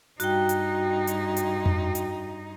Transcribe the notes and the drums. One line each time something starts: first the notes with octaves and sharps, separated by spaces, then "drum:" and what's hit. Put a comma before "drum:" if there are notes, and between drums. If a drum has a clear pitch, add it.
G2 D#4 F#4 G5, drum: hi-hat
drum: hi-hat
drum: hi-hat
drum: hi-hat
drum: tom F2
drum: hi-hat